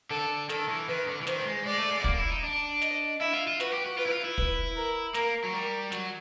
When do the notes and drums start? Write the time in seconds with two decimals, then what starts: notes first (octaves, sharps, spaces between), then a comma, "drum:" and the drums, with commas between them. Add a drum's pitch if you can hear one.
0.10 D3 A4
0.49 D#3 A4, drum: snare
0.68 E3
0.88 D#3 B4
1.07 D3
1.21 E3
1.27 D#3 C5, drum: snare
1.39 G3
1.46 G#3
1.65 G#3 D5
1.78 A3
1.91 G#3
2.01 B3
2.04 A#3, drum: kick
2.18 E4
2.30 D#4
2.44 D4
2.82 D#5, drum: snare
3.20 E4 E5
3.34 F4
3.47 F4
3.60 F#4 B4, drum: snare
3.72 G4
3.85 F#4
3.98 F4 B4
4.06 E4
4.12 F4
4.24 E4
4.38 B4, drum: kick
4.76 A#4
5.14 A#3 A#4, drum: snare
5.44 F#3
5.53 G3 A#4
5.92 F#3, drum: snare